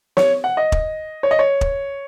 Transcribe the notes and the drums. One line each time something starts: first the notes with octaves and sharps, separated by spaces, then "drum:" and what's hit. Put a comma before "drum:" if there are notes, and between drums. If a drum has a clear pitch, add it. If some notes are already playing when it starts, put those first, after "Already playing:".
C#5, drum: snare
F#5
D#5
drum: kick
C#5
D#5
C#5
drum: kick